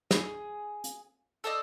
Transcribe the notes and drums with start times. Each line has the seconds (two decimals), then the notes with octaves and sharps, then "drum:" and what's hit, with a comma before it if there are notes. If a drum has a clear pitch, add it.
0.11 G#4, drum: snare
0.84 drum: hi-hat
1.44 A4 C5 D5 D#5